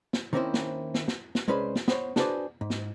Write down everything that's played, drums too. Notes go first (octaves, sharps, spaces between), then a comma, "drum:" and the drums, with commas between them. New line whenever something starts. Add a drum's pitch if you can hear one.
drum: snare
D#3 A#3 C4 C#4 E4 C5
drum: snare
drum: snare
drum: snare
drum: snare
C2 G#3 C#4 B4 C5 B5
drum: snare
B3 C5 C#5, drum: snare
D4 F#4 G#4 B4 C5 D5, drum: snare
G#2
drum: snare